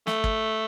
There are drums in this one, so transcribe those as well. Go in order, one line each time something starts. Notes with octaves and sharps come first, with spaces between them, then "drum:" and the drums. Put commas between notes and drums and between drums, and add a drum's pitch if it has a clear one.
A3, drum: snare
drum: kick